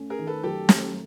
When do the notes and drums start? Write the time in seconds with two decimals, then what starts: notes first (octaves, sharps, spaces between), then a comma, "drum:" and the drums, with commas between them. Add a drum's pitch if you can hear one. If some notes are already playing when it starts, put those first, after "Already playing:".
Already playing: A3 C#4
0.10 G#4 A#4
0.19 D#3
0.27 A4 B4
0.44 F#3 G4 A4
0.69 A3, drum: snare